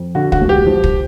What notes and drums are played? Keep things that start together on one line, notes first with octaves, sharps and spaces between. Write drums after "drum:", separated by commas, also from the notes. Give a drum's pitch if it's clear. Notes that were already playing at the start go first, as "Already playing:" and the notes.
Already playing: F2
D3 F#4
F#4, drum: kick
E1
G4
F3
drum: kick